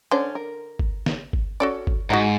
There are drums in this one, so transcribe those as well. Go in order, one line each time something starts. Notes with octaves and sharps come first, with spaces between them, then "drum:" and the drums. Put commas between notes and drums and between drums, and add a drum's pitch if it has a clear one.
D3 C#4 D4 C5
A#4
drum: kick G1
drum: snare
drum: kick G1
C#4 F#4 A4 D5
drum: kick G1
G#2 F#4 G#4 D#5 F#5 A#5